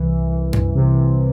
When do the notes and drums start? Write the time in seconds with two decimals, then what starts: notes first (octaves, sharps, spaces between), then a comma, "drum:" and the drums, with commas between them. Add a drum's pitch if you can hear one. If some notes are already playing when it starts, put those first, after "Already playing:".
Already playing: C2 E3
0.28 E3
0.53 drum: tom F#2
0.75 C3